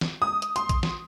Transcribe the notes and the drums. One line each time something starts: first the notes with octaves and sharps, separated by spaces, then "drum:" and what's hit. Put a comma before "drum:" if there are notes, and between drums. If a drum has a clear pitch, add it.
drum: snare
D#6
drum: hi-hat
C6, drum: hi-hat
drum: kick, hi-hat
drum: snare